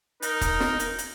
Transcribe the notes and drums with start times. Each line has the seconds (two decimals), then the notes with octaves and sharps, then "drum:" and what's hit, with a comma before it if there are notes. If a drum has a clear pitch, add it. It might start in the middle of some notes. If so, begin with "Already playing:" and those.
0.22 D#4 A#4, drum: hi-hat
0.41 drum: kick, hi-hat
0.60 drum: snare
0.79 drum: hi-hat
0.98 drum: hi-hat